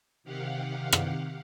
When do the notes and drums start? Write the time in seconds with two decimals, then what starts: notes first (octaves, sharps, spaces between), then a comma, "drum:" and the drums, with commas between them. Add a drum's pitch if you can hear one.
0.24 C3 D#3 G4 F5 F#5
0.92 drum: rim click